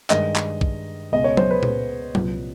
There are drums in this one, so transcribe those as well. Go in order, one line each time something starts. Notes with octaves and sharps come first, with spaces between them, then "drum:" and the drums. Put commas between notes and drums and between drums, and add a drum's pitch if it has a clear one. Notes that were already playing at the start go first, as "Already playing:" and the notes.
G2 D#3 G#3 D#5, drum: clap
drum: clap
drum: kick
C#2 B2 G#3 D#5
C#5
C5, drum: tom F#3
B4
B4, drum: tom A#2
C2 A#2 F3, drum: tom F#3